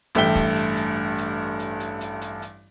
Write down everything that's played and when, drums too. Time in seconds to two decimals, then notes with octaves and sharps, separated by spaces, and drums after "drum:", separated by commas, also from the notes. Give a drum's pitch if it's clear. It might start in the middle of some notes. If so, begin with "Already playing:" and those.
0.15 A1 G2 A3 E5 G5 G7, drum: hi-hat
0.35 drum: kick, hi-hat
0.56 drum: hi-hat
0.77 drum: hi-hat
1.18 drum: hi-hat
1.59 drum: hi-hat
1.80 drum: hi-hat
2.01 drum: hi-hat
2.21 drum: hi-hat
2.42 drum: hi-hat